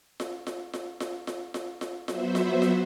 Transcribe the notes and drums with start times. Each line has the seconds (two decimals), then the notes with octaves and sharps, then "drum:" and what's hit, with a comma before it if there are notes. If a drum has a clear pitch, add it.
0.20 drum: snare F4
0.47 drum: snare F4
0.73 drum: snare F4
1.00 drum: snare F4
1.27 drum: snare F4
1.54 drum: snare F4
1.81 drum: snare F4
2.08 F#3 B3 F#4 C5 E5, drum: snare F4
2.35 drum: snare F4
2.62 drum: snare F4